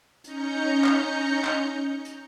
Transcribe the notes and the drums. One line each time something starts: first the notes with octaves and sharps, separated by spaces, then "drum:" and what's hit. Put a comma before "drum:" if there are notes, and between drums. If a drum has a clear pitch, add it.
C#4 D#4 A#5 G6 C#7, drum: hi-hat
drum: clap
drum: clap
drum: hi-hat